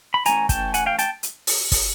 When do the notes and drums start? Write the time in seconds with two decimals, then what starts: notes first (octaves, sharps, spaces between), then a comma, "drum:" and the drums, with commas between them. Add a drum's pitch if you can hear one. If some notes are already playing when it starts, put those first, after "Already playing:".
0.14 B5
0.25 E3 A3 C#4 G#5 A#5, drum: hi-hat
0.49 G5 A5, drum: kick, hi-hat
0.74 F#5 G#5, drum: hi-hat
0.86 F5 G5
0.99 G5 A5, drum: hi-hat
1.23 drum: hi-hat
1.47 drum: open hi-hat
1.72 drum: kick, open hi-hat